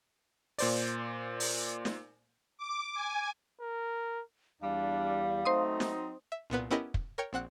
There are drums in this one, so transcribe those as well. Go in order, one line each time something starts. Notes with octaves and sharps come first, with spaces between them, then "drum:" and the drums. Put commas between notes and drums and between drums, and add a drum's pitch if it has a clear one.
A#2 C5 D5, drum: open hi-hat
drum: open hi-hat
drum: snare
D6
G#5
A#4
E2 G3 D4 F5
F#3 A3 C4 D#4 C5 C6 D#6
drum: snare
E5
C2 A#2 B3 B4
B3 C#4 E4 G4 A#4 D#5
drum: kick
A#4 C#5 G5 C#7
A#1 C4 F#5 F#6